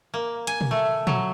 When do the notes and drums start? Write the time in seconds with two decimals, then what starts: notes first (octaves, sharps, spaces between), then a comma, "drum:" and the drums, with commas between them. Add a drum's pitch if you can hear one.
0.14 A#3
0.47 G#5, drum: hi-hat
0.61 drum: tom
0.71 A3
1.07 F#3, drum: tom